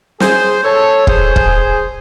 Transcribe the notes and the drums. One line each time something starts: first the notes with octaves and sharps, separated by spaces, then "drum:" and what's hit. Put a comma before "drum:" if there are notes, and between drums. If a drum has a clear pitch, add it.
G#4 C5, drum: snare
A4 C#5
G#4 C5, drum: kick
drum: kick